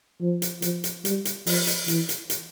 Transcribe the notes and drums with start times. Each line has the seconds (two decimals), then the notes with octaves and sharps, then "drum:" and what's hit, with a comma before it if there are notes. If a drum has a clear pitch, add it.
0.21 F3
0.42 drum: hi-hat
0.62 F3, drum: hi-hat
0.84 drum: hi-hat
1.05 G3, drum: hi-hat
1.25 drum: hi-hat
1.46 F3, drum: open hi-hat
1.67 drum: hi-hat
1.88 E3, drum: hi-hat
2.09 drum: hi-hat
2.30 drum: hi-hat